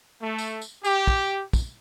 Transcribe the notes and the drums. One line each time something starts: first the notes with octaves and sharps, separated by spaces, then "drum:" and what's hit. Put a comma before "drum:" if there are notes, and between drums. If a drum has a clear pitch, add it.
A3
drum: tambourine
drum: tambourine
G4, drum: tambourine
drum: kick
drum: kick, tambourine